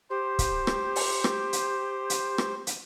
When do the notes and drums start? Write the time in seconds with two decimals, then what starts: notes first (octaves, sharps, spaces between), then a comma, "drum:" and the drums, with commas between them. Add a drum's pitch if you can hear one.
0.10 G4 C5
0.39 drum: kick C#1, hi-hat
0.67 drum: rim click
0.96 drum: open hi-hat
1.24 drum: rim click
1.53 drum: hi-hat
2.10 drum: hi-hat
2.38 drum: rim click
2.67 drum: hi-hat